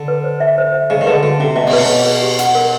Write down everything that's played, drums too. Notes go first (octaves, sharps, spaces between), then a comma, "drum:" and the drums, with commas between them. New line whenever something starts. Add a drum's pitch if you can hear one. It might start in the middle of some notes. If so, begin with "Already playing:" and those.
Already playing: D3
B4
C5
E5
C5
E5
C#3 D#5
D#3
D3 B4
D3 F#4
C3 C#4
B2 E5
C3, drum: cymbal
B2 B4
G#4
B4
G4
F#5, drum: hi-hat
A#4